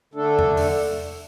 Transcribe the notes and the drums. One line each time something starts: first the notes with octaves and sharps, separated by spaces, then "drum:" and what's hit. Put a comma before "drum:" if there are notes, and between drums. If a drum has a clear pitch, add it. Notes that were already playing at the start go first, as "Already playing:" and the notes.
D3 A3 D4 A4
drum: tom E2
drum: open hi-hat